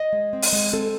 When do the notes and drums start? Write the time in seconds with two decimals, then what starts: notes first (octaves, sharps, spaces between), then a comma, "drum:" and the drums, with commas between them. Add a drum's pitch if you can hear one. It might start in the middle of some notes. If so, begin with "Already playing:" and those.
Already playing: D#5
0.13 G#3
0.33 C4
0.42 drum: open hi-hat
0.53 G#3
0.73 C4 A4